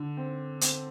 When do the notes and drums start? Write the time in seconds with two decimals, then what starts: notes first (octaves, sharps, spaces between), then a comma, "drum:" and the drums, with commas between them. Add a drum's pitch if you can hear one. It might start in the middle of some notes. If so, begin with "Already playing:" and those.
Already playing: D3
0.17 C4
0.61 C4, drum: hi-hat